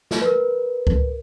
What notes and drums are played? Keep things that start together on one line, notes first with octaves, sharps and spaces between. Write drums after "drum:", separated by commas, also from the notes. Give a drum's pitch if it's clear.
drum: snare
A#4 B4
drum: kick C#2